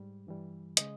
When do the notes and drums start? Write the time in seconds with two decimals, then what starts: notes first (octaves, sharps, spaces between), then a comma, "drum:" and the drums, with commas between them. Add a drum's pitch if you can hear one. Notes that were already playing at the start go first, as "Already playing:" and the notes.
Already playing: G#2 G3
0.27 G2 E3 G3
0.77 C#3 G#3 D#5, drum: hi-hat